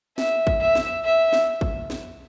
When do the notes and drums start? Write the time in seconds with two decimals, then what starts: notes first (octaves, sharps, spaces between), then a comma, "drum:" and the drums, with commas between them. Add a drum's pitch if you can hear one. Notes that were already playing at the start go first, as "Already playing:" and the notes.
0.18 E5, drum: snare
0.47 drum: kick
0.61 E5
0.75 drum: snare
1.04 E5
1.33 drum: snare
1.61 drum: kick
1.90 drum: snare